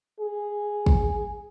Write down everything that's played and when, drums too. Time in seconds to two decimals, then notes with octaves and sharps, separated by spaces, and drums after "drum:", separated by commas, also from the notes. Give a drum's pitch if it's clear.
0.20 G#4
0.86 drum: kick